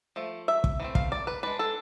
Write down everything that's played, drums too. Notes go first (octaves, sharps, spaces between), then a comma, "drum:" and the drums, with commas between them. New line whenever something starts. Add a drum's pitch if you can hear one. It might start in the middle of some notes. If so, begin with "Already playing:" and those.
F3 A3
E5
drum: kick
E3 A3 C4
F5, drum: kick
D5
B4
G#3 D4 B4
A4